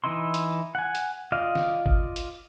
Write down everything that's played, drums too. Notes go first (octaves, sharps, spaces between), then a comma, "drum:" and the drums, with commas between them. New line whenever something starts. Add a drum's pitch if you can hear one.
E3 D#4 E4 C6
drum: hi-hat
F#5 G#5
drum: hi-hat
F4 D5 D#5 F5
drum: snare
drum: kick G1
drum: hi-hat